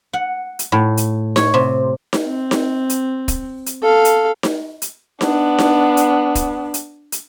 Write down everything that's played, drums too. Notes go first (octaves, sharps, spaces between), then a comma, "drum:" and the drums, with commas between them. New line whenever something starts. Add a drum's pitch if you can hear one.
F#5
drum: hi-hat
A2
drum: hi-hat
C#5, drum: snare D#4
C3
drum: snare D#4
C4
drum: snare D#4
drum: hi-hat
drum: kick, hi-hat
drum: hi-hat
A4 F5
drum: hi-hat
drum: snare D#4
drum: hi-hat
B3 D4, drum: snare D#4
drum: snare D#4
drum: hi-hat
drum: kick, hi-hat
drum: hi-hat
drum: hi-hat